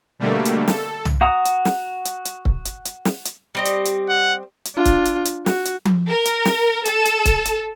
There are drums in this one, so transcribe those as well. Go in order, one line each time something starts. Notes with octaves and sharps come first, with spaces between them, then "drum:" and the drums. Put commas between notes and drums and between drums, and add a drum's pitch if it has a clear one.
B2 D3 G3 A3 A#3
drum: hi-hat
A4, drum: snare
drum: tom
F#4 F#5 A#5 D#6
drum: hi-hat
drum: snare
drum: hi-hat
drum: hi-hat
drum: kick C#1
drum: hi-hat
drum: hi-hat
drum: snare
drum: hi-hat
G3 C4 D#5
drum: hi-hat
drum: hi-hat
F#5
drum: hi-hat
D4 F4
drum: kick C#1, hi-hat
drum: hi-hat
drum: hi-hat
F#4, drum: snare
drum: hi-hat
drum: tom F3
A#4
drum: hi-hat
drum: snare
A4, drum: hi-hat
drum: hi-hat
drum: kick C#1, hi-hat
drum: hi-hat